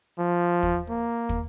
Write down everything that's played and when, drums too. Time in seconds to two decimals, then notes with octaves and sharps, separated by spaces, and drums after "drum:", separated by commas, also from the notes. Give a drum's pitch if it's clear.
0.18 F3
0.63 drum: kick
0.89 A#3
1.29 drum: kick